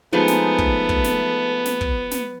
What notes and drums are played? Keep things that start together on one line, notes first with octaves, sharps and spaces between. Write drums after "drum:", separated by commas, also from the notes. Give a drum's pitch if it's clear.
F3 G#3 A3 B3 D#4
drum: snare
drum: kick
drum: kick
drum: snare
drum: snare
drum: kick
drum: snare